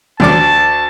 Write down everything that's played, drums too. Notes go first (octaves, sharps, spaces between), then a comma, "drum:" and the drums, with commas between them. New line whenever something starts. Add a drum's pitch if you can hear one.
D2 D5 A5 D6, drum: tom